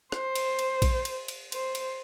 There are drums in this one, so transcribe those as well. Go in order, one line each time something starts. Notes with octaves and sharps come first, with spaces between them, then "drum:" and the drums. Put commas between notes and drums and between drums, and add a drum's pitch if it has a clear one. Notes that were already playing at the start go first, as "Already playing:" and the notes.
C5, drum: rim click
drum: cymbal
drum: cymbal
drum: kick A#1, cymbal
drum: cymbal
drum: cymbal
C5, drum: cymbal
drum: cymbal